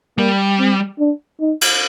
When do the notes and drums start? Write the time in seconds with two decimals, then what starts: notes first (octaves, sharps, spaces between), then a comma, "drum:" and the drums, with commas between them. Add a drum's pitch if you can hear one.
0.18 G3 A#3
0.59 C4
0.99 D4
1.40 D#4
1.61 drum: cymbal